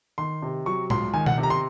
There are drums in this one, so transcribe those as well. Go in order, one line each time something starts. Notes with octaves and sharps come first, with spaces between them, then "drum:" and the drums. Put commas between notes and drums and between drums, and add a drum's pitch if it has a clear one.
D#3 C6
C3
F#3 C#6
C#2 C6, drum: tom A2
D#3 G#5
F#5, drum: tom B2
C3
A#5
C6